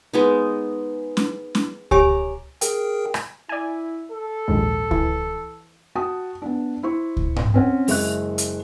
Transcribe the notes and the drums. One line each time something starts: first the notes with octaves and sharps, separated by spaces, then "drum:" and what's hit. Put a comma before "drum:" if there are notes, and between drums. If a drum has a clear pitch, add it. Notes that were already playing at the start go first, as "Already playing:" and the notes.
G#3 B3 D#4
drum: snare
drum: snare
G4 C#5 G#5 A#5 D6, drum: kick C#2
G#4 A#4 G5, drum: hi-hat
drum: rim click
E4 D5 G#5
A4
A#1 D#2 G#2
E3, drum: kick C#2
F#4 G5 A5 D#6
B3 D4
E4 C5 C#6
drum: kick C#2
drum: tom G#2
C4 C#4 F#5
F#1 G#3 E5 C#6 F#6, drum: open hi-hat
drum: hi-hat